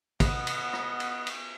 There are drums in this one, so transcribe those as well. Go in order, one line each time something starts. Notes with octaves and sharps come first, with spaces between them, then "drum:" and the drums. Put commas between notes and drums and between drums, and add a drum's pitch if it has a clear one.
B3 D#5 F#5, drum: kick, cymbal
drum: cymbal
drum: rim click
drum: cymbal
drum: cymbal